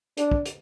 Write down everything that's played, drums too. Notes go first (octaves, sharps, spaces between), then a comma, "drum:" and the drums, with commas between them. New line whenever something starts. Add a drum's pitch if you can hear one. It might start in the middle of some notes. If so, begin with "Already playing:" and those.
D4, drum: hi-hat
drum: kick
drum: hi-hat